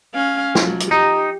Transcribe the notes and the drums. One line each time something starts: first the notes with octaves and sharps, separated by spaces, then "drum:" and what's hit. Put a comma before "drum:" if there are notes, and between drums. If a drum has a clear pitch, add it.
C#4 F5
F3 F#3, drum: snare
drum: hi-hat
D#4 G4